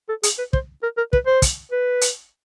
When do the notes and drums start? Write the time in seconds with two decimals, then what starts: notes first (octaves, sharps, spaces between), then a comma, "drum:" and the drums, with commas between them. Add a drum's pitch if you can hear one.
0.09 A4
0.23 G#4, drum: hi-hat
0.38 B4
0.53 C5, drum: kick
0.83 A#4
0.97 A#4
1.13 B4, drum: kick
1.27 C5
1.42 drum: kick, hi-hat
1.72 B4
2.01 drum: hi-hat